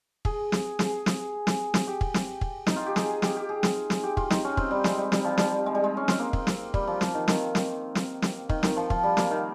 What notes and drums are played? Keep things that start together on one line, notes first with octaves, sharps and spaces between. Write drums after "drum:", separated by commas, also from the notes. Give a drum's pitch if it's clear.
G#4, drum: kick
drum: snare
G#4, drum: snare
drum: snare
drum: snare
drum: snare
G4
drum: kick
drum: snare
drum: kick
D#4, drum: snare
F4
G4
G#4, drum: snare
G#4
G4, drum: snare
G4
G#4
drum: snare
drum: snare
G4
F4, drum: kick
D#4, drum: snare
C#4
C4, drum: kick
G3
G#3, drum: snare
G3
G3, drum: snare
F3
G3, drum: snare
G#3
G3
G#3
C#4
C4, drum: snare
A#3
drum: kick
drum: snare
G3, drum: kick
F3
drum: snare
D#3
D#3, drum: snare
drum: snare
drum: snare
drum: snare
D#3, drum: kick
D#3, drum: snare
F3
F3, drum: kick
G3
A#3, drum: snare
D#3